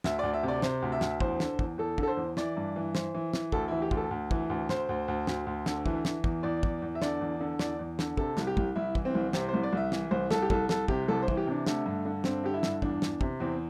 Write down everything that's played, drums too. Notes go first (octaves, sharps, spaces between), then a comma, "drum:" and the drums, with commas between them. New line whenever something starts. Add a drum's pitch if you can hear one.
D2 E5, drum: snare
D2 D5
E5
C3
D5
C3 C5, drum: snare
D2
E5
D2, drum: snare
E2 C5, drum: kick
D3, drum: snare
E2, drum: kick
E2 A4
D3, drum: kick
A4
C5
E2
E3 D5, drum: snare
G2
E3
E3 C5, drum: snare
E3
E3, drum: snare
D2 A4, drum: kick
E3 E4
G4
D2, drum: kick
A4
D2
E3, drum: kick
D2
D2 C5, drum: snare
D2
D2
D2, drum: snare
D2
D3, drum: snare
E3, drum: kick
E3, drum: snare
E2, drum: kick
E2 D5
E2, drum: kick
E2
E5
D3 D5, drum: snare
E2
D3
E2 D5, drum: snare
E2
D3, drum: snare
C3 A4, drum: kick
C2, drum: snare
G4
C2, drum: kick
C2 E4
E3, drum: kick
C4
C2
C3 C4, drum: snare
C5
C2
D5
C2 E5
E3, drum: snare
C2 C5
C2 A4, drum: snare
G4
C2 A4, drum: kick
C2 A4, drum: snare
C3 G4, drum: kick
C2 A4
C5
E3, drum: kick
G4
C3 D4
D3 A3, drum: snare
G2
D3
G2 C4, drum: snare
D3 G4
E4
G2, drum: snare
E2 D4, drum: kick
E2, drum: snare
C3, drum: kick
E2 C4